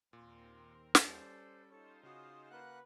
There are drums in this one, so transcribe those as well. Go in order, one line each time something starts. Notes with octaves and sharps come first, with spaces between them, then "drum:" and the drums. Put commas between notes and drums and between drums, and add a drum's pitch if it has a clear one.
D#2 A#2 C4 A#4 C6
drum: snare
G3 C#4 A4 C5 D5
D#4 F4 A4 C5 C#5
C#3 F#4 G#4 F5 D#6
A#3 B4 F#5 F#6